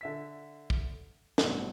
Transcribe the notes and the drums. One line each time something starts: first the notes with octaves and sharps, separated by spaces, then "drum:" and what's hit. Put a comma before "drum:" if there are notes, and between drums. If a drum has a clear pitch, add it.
D3 E5 B6
drum: kick
A1 G2 B2 F#3 C4, drum: snare